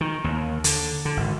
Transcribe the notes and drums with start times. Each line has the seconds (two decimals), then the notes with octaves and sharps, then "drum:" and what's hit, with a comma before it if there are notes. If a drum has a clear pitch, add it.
0.01 D#3
0.24 D#2
0.64 D3, drum: hi-hat
1.05 D3
1.17 G#1